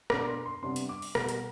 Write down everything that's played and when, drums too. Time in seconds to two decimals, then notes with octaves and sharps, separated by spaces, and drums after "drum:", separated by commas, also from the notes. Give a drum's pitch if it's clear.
0.10 B2 B3 D4 D6, drum: rim click
0.27 C6
0.46 C6
0.63 C3 G3 B3 D4 C6
0.76 drum: hi-hat
0.89 D6
1.02 drum: open hi-hat
1.15 B2 G3 B3, drum: rim click
1.29 drum: hi-hat